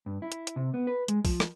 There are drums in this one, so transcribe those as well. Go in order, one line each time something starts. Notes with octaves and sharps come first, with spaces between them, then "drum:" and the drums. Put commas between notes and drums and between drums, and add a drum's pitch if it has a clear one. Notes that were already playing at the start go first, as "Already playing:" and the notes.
G2
E4
drum: hi-hat
drum: hi-hat
C3
B3
B4
G#3, drum: hi-hat
F3, drum: kick, open hi-hat
drum: rim click